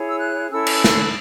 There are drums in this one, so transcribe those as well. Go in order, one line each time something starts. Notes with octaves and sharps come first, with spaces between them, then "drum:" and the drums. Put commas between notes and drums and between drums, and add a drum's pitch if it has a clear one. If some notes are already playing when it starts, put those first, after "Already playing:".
Already playing: E4 G#4 C#5
E6
F#6
C#4 E4 A4 E6
drum: cymbal
drum: snare